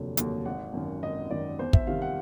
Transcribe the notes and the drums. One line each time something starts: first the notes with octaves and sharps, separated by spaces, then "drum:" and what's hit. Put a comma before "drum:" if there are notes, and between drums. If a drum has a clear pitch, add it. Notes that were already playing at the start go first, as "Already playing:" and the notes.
Already playing: F1 D#2 D3 F#3
D#2 D3 F#3, drum: hi-hat
G#1 F#5
F#2 D#3
G#1 D#5
F#2 D#3 D5
E2 C5
E5, drum: kick
C3 D#3 G3 F5
F#5